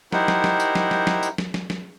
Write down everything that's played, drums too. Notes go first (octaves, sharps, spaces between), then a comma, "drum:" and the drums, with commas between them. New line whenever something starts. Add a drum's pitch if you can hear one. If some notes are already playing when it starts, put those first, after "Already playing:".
D#4 E4 G4 A#4 C5 F#5, drum: snare
drum: snare
drum: snare
drum: tambourine
drum: snare
drum: snare
drum: snare
drum: tambourine
drum: snare
drum: snare
drum: snare